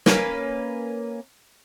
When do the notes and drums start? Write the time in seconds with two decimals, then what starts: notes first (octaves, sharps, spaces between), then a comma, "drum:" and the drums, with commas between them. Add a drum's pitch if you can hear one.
0.06 A#3 C#4 B4, drum: snare